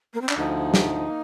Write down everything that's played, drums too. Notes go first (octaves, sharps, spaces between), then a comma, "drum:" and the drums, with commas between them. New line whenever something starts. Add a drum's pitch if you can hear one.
A#3
C4
D4, drum: clap
D2 D3 F3 D#4
drum: snare
A#3